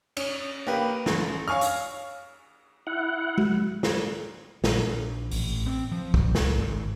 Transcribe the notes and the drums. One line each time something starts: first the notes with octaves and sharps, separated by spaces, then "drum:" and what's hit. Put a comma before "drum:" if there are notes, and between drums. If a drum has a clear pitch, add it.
C#4, drum: cymbal
A#3 G4 B4
A1, drum: snare
C#5 F5 G#5 C#6 F6
drum: hi-hat
E4 F#5
drum: tom G#3
drum: snare
A#1, drum: snare
A1, drum: open hi-hat
C4
F3
A#1, drum: kick
C#2, drum: snare
G#1